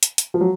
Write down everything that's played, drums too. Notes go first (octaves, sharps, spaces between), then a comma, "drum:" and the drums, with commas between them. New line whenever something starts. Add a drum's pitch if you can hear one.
drum: hi-hat
drum: hi-hat
F3
F#3